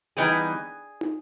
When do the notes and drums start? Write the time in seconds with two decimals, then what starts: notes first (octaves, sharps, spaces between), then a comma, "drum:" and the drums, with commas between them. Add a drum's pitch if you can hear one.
0.17 E3 G3 B3 D#4 G#4
1.01 drum: tom